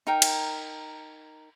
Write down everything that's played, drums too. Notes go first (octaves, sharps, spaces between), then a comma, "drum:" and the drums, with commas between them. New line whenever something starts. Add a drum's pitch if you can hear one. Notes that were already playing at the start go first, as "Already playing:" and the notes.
D#4 A#4 G5
drum: cymbal